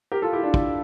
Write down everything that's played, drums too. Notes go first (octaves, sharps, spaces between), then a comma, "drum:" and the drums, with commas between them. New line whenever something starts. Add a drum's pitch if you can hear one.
G4 A#4
F4 A4
E4 G4
D4 F4
drum: kick